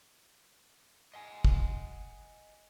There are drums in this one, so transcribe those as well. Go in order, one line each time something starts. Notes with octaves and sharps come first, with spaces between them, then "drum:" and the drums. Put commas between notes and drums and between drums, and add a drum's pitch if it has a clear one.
D#5 F#5 G#5
drum: kick